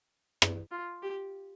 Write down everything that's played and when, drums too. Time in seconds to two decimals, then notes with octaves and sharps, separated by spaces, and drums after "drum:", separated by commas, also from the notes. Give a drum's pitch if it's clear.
0.42 drum: rim click
0.71 F4
1.03 G4